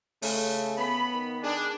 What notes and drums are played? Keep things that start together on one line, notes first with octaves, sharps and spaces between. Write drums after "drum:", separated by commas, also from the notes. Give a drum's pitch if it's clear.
C#3 A3, drum: open hi-hat
B3 B5
D#3
D4 G#4